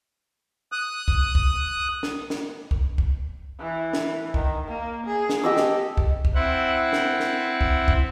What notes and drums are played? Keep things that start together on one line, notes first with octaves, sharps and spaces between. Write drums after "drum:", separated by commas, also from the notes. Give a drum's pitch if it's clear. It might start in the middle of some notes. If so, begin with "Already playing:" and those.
D#6 F#6
drum: kick
drum: kick
drum: snare
drum: snare
drum: kick
drum: kick
E3
drum: snare
D#3, drum: kick
A#3
G#4
drum: snare
G4 A4 D#5 E6
drum: snare
drum: kick
drum: kick
C4 E4 F#5
drum: snare
drum: snare
drum: kick
drum: kick